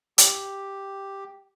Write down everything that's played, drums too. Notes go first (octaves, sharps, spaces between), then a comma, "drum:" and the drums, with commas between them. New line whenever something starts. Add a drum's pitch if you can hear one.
G4, drum: hi-hat